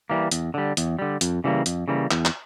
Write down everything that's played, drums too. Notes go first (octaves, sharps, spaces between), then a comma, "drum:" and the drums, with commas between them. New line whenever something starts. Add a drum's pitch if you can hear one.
E3 G3 A#3
E2, drum: hi-hat
D3 G3
E2, drum: hi-hat
D3 G3
F2, drum: hi-hat
C#3 E3 G3 A#3
F2, drum: hi-hat
C#3 E3 G3 A#3
E2, drum: clap
drum: clap